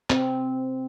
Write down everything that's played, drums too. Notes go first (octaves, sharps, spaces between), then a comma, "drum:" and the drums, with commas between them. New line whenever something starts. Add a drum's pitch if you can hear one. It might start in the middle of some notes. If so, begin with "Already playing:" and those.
C4, drum: clap